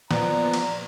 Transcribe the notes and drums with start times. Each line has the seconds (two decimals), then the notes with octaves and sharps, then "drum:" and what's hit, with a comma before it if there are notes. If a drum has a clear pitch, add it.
0.11 A#2 F3 B3 D5 A#5, drum: snare
0.54 drum: cymbal